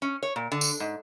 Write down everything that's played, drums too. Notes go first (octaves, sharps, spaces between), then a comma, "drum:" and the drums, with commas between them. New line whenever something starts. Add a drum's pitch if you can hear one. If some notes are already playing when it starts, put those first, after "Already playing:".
C#4
C#5
A#2
D3
drum: tambourine
G#2